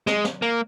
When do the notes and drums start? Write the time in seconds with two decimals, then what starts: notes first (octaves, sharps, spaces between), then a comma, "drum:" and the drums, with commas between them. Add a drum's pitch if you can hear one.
0.07 G#3, drum: snare
0.25 drum: snare
0.42 A#3